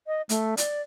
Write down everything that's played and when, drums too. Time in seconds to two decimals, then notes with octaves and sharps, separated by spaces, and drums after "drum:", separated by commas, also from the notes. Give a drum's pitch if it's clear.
0.07 D#5
0.29 A3, drum: hi-hat
0.57 D5, drum: hi-hat